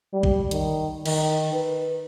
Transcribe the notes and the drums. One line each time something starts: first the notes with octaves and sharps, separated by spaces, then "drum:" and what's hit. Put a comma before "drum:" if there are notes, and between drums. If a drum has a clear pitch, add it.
G3
drum: kick
D#3, drum: hi-hat
D#3, drum: cymbal
B4